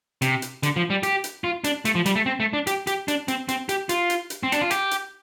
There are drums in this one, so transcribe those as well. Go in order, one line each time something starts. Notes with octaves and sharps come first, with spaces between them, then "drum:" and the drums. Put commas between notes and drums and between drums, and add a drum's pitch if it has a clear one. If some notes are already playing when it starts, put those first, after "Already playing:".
C3, drum: hi-hat
drum: hi-hat
D3, drum: hi-hat
F3
G3
G4, drum: hi-hat
drum: hi-hat
F4
D4, drum: hi-hat
A3, drum: hi-hat
F3
G3, drum: hi-hat
A3
C4
A3
D4
G4, drum: hi-hat
G4, drum: hi-hat
D4, drum: hi-hat
C4, drum: hi-hat
C4, drum: hi-hat
G4, drum: hi-hat
F4, drum: hi-hat
drum: hi-hat
drum: hi-hat
C4
D4, drum: hi-hat
F4
G4, drum: hi-hat
drum: hi-hat